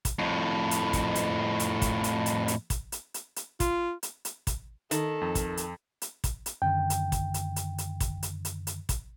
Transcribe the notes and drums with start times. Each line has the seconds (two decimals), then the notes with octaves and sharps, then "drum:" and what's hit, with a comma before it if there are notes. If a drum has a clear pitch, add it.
0.05 drum: kick, hi-hat
0.19 F2 A2
0.71 drum: hi-hat
0.93 drum: kick, hi-hat
1.15 drum: hi-hat
1.60 drum: hi-hat
1.82 drum: kick, hi-hat
2.04 drum: hi-hat
2.26 drum: hi-hat
2.48 drum: hi-hat
2.70 drum: kick, hi-hat
2.92 drum: hi-hat
3.14 drum: hi-hat
3.36 drum: hi-hat
3.60 F4, drum: kick, hi-hat
4.03 drum: hi-hat
4.25 drum: hi-hat
4.47 drum: kick, hi-hat
4.91 D#3 A4, drum: hi-hat
5.21 F2
5.35 drum: kick, hi-hat
5.57 drum: hi-hat
6.02 drum: hi-hat
6.24 drum: kick, hi-hat
6.46 drum: hi-hat
6.62 F#2 D3 D#3 G5
6.90 drum: hi-hat
7.12 drum: kick, hi-hat
7.34 drum: hi-hat
7.56 drum: hi-hat
7.78 drum: hi-hat
8.00 drum: kick, hi-hat
8.23 drum: hi-hat
8.45 drum: hi-hat
8.67 drum: hi-hat
8.89 drum: kick, hi-hat